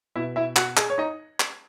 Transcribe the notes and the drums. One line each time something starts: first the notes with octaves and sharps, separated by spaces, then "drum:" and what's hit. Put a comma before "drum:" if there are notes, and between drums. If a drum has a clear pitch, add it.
B2 E4 E5
E4 E5
F#4 F#5, drum: clap
G#4 G#5, drum: clap
C#5
D#4 D#5
drum: clap